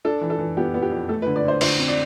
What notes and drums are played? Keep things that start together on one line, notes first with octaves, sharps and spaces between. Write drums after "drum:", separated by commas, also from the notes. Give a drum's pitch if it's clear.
D4 A4
E3
A4
E3
B3 G4
B3
G4
F2
A3 A4
B4
D3
D5
D3 C5
D3 C5, drum: cymbal
C4
D5